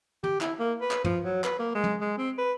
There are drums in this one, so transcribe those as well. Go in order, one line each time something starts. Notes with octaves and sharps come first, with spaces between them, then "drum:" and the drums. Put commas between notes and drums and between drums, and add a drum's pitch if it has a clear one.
G4, drum: tom
E4, drum: clap
A#3
B4
drum: clap
F3, drum: tom
F#3
B4, drum: clap
A#3
G#3
drum: tom
G#3
C4
B4